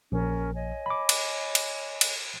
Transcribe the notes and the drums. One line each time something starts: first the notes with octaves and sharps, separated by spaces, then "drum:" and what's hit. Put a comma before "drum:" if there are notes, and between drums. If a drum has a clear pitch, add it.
A#1 C#4 A#4
C#5 D#5 G#5
B5 D6
drum: cymbal
drum: cymbal
drum: cymbal